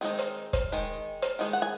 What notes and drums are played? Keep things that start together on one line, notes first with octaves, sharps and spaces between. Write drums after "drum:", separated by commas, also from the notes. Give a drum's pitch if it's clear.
D#3 G#3 C4 D#4
drum: hi-hat
drum: kick, hi-hat
D#3 G#3
drum: hi-hat
D#3 G#3 D#4
F#5
G#5